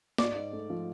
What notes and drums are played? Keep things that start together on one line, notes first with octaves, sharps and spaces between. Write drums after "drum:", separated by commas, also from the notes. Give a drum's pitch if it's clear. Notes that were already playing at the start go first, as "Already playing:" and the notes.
G#2 D5, drum: snare
G#2
A3
F3